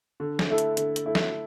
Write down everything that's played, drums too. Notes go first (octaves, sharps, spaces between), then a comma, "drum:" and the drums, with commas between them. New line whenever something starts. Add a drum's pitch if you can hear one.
D3
drum: snare
A3 E4 A4
drum: hi-hat
D3, drum: hi-hat
drum: hi-hat
A3 E4 A4
drum: snare